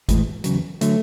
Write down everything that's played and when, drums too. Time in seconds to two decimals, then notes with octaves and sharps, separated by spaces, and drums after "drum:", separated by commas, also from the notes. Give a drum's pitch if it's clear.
0.09 A2 E3 G#3, drum: kick, hi-hat
0.44 E2 C#3 F#3, drum: hi-hat
0.81 D3 F#3 A3, drum: hi-hat